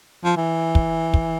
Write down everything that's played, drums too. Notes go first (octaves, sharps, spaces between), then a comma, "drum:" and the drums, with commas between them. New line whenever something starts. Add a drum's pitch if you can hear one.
F3
E3
drum: kick
drum: kick